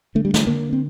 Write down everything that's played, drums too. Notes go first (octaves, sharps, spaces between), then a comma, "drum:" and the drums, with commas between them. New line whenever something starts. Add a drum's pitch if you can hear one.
D3 A3
G3
A3, drum: snare
D3 A#3
C4